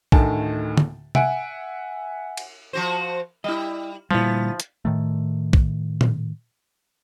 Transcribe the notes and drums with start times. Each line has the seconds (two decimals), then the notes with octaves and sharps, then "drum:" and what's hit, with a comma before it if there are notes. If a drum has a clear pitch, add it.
0.12 D2 A2 D#3 G#5 A5, drum: kick
0.77 drum: tom D3
1.15 E5 F#5 G#5 D7, drum: tom C3
2.37 drum: cymbal
2.73 F3 F#4 C5
3.44 G3 E4 D#5
4.11 D2 A#2 F3 G3 B3 E4
4.60 drum: hi-hat
4.85 A2 D#3 A3
5.53 drum: kick
6.01 drum: tom A#2